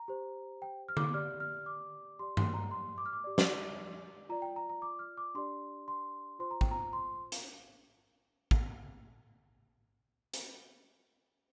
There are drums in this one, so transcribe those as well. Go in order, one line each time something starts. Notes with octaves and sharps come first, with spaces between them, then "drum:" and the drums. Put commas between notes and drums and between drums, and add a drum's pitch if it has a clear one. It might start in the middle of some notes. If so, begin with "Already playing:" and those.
Already playing: A#5
G4 C5
G5
F6
D6, drum: tom D3
G4 D5 F6
F6
D6
G4 D5 C6
C6, drum: tom G2
A#5
C6
D6
F6
D6
G4 D5
drum: snare
F4 D5 A#5
G5
A#5
A#5
D6
F6
D6
D4 G4 D5 C6
C6
F4 C5 C6
A#5
G5, drum: kick A1
A#5
C6
drum: hi-hat
drum: kick A1
drum: hi-hat